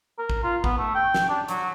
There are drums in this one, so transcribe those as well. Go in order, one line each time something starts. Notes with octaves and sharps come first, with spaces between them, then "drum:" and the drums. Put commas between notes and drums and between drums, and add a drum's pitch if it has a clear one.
A#4
drum: kick A1
F4
B3, drum: kick A1
A3
G5
drum: snare
D4
F#3, drum: hi-hat